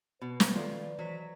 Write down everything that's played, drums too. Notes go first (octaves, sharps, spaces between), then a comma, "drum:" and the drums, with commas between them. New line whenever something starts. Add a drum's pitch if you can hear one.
B2 B4
drum: snare
D#3 F3 F4 A4 D5
E3 F#3 C5 B6